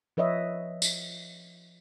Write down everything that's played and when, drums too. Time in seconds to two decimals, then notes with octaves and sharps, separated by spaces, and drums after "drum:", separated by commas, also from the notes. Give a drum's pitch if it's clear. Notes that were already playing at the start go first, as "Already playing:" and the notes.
0.17 F3 B4 C#5 D#5 E5
0.82 drum: tambourine